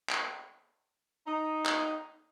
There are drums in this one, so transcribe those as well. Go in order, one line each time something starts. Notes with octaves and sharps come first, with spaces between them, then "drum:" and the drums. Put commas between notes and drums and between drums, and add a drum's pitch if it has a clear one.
drum: clap
D#4
drum: clap